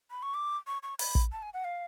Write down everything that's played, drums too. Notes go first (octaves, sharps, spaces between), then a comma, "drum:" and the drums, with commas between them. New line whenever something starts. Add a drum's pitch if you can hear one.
B5
C#6
D6
C#6
C#6
B5, drum: open hi-hat
drum: kick
A5
G#5
F#5
F5